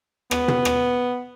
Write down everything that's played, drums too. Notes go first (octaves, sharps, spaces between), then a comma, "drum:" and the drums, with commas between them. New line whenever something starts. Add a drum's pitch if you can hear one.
B3, drum: rim click
drum: tom
drum: rim click